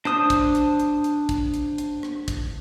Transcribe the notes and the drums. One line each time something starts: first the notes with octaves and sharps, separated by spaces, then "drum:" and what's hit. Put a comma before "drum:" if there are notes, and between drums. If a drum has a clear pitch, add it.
D4 C5 D#6, drum: rim click
drum: kick, hi-hat
drum: hi-hat
drum: hi-hat
drum: hi-hat
drum: kick, hi-hat
drum: hi-hat
drum: hi-hat
drum: rim click
drum: kick, hi-hat